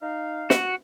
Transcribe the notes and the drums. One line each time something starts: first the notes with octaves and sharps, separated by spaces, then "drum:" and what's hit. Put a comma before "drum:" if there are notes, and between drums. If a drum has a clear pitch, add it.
D#4 F5
F#4, drum: snare